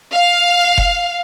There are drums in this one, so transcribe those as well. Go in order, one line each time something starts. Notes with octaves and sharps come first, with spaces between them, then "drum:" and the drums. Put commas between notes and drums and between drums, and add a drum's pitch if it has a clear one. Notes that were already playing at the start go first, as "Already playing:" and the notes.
F5
drum: kick F#1